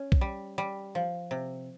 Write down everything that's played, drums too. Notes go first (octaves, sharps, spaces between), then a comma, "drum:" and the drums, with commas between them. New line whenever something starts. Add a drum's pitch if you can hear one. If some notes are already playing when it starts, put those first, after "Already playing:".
Already playing: C#4
drum: kick B1
G3
G3
F3
C3